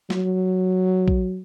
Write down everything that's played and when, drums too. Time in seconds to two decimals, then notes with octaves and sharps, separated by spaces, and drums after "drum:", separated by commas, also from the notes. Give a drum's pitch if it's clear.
0.10 F#3, drum: snare
1.08 drum: kick